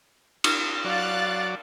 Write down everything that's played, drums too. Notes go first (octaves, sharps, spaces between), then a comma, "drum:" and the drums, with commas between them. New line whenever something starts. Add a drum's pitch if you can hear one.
drum: cymbal
F#3 D5 F5 F#6 A6